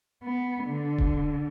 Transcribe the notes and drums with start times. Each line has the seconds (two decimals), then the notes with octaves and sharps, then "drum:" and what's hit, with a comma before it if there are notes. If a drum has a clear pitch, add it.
0.24 B3
0.64 D3
0.98 drum: kick D#1